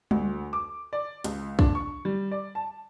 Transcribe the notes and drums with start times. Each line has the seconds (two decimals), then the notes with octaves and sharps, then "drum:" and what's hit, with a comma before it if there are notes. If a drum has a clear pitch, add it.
0.11 D2, drum: tom G3
0.53 D6
0.93 D5
1.24 C#2, drum: hi-hat
1.59 D4, drum: kick
1.75 C#6
2.05 G3
2.31 D5
2.55 A5